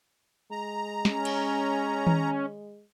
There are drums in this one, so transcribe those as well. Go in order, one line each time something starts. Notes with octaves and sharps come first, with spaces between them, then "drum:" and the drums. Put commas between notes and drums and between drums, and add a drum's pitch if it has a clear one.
G#3 A#5
C#4, drum: snare
drum: cymbal
drum: tom D#3